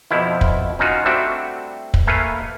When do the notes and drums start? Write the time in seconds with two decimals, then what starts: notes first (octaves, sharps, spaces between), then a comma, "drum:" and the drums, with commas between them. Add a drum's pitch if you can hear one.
0.11 F2 B2 F3 E4
0.41 drum: kick
0.79 C#4 D#4 F4 F#4
1.05 G3 A3 C4 D4 F#4 E5
1.94 drum: kick
2.07 A3 A#3 A4 B4 F5 G#5